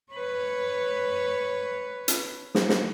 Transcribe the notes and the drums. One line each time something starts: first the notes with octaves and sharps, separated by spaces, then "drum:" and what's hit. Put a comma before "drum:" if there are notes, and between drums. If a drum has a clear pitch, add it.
B4 C#5
drum: hi-hat
drum: snare
drum: snare